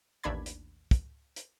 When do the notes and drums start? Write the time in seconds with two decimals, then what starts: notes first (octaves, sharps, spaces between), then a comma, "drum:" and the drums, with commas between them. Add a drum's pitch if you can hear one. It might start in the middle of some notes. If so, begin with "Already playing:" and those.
0.24 A1 D#2 D4 D5 B5 G#6
0.46 drum: hi-hat
0.91 drum: kick, hi-hat
1.36 drum: hi-hat